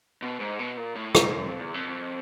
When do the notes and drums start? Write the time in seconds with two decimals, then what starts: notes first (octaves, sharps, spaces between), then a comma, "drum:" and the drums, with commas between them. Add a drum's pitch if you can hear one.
0.22 B2
0.40 G#2
0.59 B2
0.77 A#2
0.95 A2
1.15 G#2, drum: rim click
1.33 F#2
1.46 F2
1.60 E2
1.74 F2